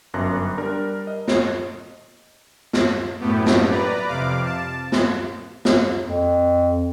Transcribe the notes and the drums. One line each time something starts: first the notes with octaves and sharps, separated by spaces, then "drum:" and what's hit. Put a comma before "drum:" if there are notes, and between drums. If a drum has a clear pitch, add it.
G1 F#2 A5 F#6 A#6
G3 D4 A#4
D#5
drum: snare
drum: snare
F#2 A2 A3 B3 G4
drum: snare
B4 D5 A#5
F2 C3 F5 D6
A5
drum: snare
drum: snare
F2